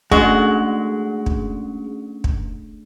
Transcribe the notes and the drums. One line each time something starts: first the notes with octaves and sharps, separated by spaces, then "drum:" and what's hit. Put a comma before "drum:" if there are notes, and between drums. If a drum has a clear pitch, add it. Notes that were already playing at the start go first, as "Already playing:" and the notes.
G#3 A3 C#4 D4 F#4 G#4, drum: kick
drum: kick
drum: kick